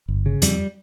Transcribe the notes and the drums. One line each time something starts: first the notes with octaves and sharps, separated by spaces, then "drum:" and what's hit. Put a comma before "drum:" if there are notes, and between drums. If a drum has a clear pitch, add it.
G1
C#3
F2 G3, drum: hi-hat